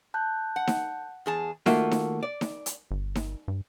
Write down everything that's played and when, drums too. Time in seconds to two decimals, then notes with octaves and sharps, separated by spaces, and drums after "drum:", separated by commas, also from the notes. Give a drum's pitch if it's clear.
0.14 A5 F#6 G6
0.56 F#5
0.67 drum: snare D#4
1.26 E2 G#4 A5
1.66 D#3 A3 A#3 F4 F#4, drum: snare D#4
1.91 drum: snare D#4
2.23 D5
2.41 drum: snare D#4
2.66 drum: hi-hat
2.91 G1
3.15 drum: snare D#4
3.48 G2